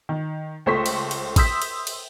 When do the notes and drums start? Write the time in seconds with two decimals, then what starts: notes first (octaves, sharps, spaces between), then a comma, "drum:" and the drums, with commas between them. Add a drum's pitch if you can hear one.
0.09 D#3
0.66 C#2 A3 C5 C#6 B6
0.86 drum: cymbal
1.11 drum: cymbal
1.36 C6 D#6 E6 G6 B6, drum: kick A1, cymbal
1.62 drum: cymbal
1.87 drum: cymbal